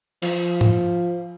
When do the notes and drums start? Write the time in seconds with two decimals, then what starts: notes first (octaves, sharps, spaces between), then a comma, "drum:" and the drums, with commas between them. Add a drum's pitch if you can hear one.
0.22 F3, drum: cymbal
0.61 drum: tom G#2